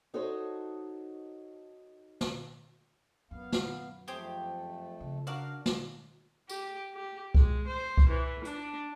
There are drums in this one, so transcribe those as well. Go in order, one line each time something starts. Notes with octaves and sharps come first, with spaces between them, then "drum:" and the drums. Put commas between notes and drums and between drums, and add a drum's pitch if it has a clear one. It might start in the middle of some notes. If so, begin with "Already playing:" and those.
D#4 F#4 A4 C5 C#5 D#5
drum: snare
F#2 B3 F5
drum: snare
F2 A3 C4 G4 G#4
C#3
D4 F#4 A#4 F5
drum: snare
G4, drum: tambourine
G4
G#3, drum: kick C2
C5
drum: kick C2
E3
D4, drum: hi-hat